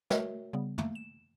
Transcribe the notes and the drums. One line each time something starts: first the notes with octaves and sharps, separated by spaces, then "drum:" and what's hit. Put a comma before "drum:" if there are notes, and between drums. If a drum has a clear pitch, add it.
A3 F#4 A#4 C#5 E5, drum: snare
C#3 G3 B3
A3 A#3, drum: tom
E7